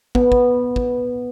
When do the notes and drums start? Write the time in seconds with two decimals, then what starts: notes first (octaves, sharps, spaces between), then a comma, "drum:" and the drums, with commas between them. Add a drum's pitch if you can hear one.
0.15 B3, drum: kick
0.32 drum: kick
0.76 drum: kick